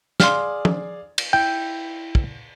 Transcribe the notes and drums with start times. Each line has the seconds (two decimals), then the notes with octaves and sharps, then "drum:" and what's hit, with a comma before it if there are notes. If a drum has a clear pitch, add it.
0.20 G#4 D5 F5 C6 F6, drum: snare
0.65 drum: tom
1.18 drum: cymbal
1.33 E4 G5
2.15 drum: kick